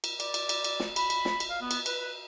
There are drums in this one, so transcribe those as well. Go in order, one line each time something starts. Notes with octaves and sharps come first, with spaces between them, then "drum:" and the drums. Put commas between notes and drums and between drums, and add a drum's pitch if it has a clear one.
drum: cymbal
D5, drum: cymbal
drum: cymbal
drum: cymbal
drum: cymbal
drum: snare
B5, drum: cymbal
drum: cymbal
drum: snare
drum: cymbal
F5
B3
drum: cymbal
B4, drum: cymbal